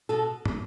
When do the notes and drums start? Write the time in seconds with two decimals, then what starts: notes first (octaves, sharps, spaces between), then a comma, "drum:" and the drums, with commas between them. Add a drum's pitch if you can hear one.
0.09 B2 A4
0.45 drum: tom